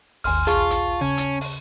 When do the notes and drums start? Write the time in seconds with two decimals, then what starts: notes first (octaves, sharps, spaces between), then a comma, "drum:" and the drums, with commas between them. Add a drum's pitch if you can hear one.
0.24 G#1 D#2 G#5 C6 F6, drum: open hi-hat
0.47 A#1 F4 G#4 A5 C#6, drum: hi-hat
0.71 drum: hi-hat
1.01 C#3 C#4
1.17 drum: hi-hat
1.41 drum: open hi-hat